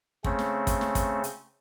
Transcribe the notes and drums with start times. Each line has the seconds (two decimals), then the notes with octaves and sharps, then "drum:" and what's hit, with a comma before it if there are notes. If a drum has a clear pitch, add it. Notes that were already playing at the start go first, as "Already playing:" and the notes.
0.24 C#3 A3 C4 C#4, drum: kick
0.39 drum: snare
0.67 drum: kick, hi-hat
0.81 drum: snare
0.95 drum: kick, hi-hat
1.24 drum: hi-hat